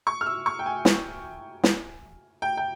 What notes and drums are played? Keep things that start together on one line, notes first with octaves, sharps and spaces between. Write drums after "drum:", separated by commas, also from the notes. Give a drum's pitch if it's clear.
C#6
F6
E6
C#6
G5
G#5
drum: snare
drum: snare
G5
G5